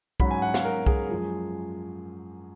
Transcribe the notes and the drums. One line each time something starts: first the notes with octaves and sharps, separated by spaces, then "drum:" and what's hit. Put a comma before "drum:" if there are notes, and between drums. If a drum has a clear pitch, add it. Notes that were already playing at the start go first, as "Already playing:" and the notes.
G#2 F#3 C#4 B5, drum: kick C2
G#5
F#5
F5, drum: snare
A#4
G#4, drum: kick C2
F#2 F3 G#3